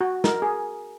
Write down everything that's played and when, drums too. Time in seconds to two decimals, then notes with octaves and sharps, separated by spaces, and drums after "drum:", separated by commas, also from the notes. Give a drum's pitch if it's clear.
0.01 F#4
0.24 A#4, drum: snare
0.42 G#4